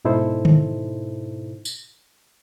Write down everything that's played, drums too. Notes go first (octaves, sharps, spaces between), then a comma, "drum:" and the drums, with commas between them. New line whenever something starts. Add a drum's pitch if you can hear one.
G#2 B2 D#4 E4 A4 C5
drum: tom D3
drum: tambourine